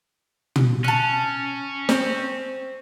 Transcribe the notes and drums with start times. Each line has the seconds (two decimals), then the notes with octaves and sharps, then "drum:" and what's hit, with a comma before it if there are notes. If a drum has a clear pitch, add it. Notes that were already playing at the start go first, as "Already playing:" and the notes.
0.56 drum: tom
0.84 C#4 A5 F#6
1.89 C4, drum: snare